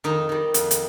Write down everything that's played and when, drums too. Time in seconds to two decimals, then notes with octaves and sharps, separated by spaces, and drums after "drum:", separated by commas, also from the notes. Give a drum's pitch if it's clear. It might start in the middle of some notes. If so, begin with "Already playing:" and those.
0.04 F2 D#3 D#4
0.29 D#3 G3
0.54 F2, drum: hi-hat
0.71 drum: hi-hat